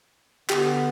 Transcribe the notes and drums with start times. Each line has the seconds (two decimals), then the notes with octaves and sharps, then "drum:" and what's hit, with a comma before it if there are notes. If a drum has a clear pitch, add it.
0.50 D3 B3 G4, drum: clap